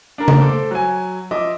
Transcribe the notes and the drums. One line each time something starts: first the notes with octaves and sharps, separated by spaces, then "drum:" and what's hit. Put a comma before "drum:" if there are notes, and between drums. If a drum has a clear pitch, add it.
D4 A#4
drum: tom C#3
A3 A4 C5 D6
F#3 G#5
F3 D#5 E5 D6